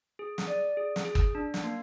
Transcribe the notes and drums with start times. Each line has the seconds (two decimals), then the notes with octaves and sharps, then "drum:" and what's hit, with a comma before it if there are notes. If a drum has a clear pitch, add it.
0.19 G#4
0.38 drum: snare
0.47 D5
0.77 G#4
0.96 drum: snare
1.05 G#4
1.15 drum: kick
1.35 D4
1.54 drum: snare
1.64 A#3